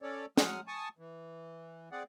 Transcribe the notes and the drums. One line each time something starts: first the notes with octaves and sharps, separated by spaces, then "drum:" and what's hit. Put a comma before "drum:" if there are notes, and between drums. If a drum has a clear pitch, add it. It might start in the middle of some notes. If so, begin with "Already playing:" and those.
C#4 A4 C#5 D5
F#3 G#3 F#5 D#6 F6, drum: snare
G#5 A5 C#6 D#6
E3
C4 G#4 D5 F#5